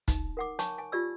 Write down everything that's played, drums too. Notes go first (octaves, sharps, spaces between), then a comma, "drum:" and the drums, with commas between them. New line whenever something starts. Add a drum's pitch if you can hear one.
D#4, drum: kick, hi-hat
A#4 F#5 D6
C#5 G#5 A5 C#6, drum: hi-hat
G#5
F4 G4 D5 E6